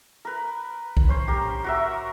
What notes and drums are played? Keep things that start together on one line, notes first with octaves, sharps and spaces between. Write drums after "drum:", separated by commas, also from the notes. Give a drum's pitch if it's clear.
A#4 B4
drum: kick B1
C#4 C5
G4 A#4
F#4 A#4 E5